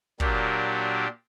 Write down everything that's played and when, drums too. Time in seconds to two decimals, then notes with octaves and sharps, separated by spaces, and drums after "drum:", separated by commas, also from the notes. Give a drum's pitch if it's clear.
0.20 A#2 F#3 A#3 D4 G4, drum: kick